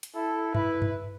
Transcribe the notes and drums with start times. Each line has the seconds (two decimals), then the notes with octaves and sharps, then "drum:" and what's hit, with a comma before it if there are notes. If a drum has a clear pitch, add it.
0.03 drum: hi-hat
0.15 E4 A4
0.55 E4 B4, drum: tom G2
0.82 drum: tom G2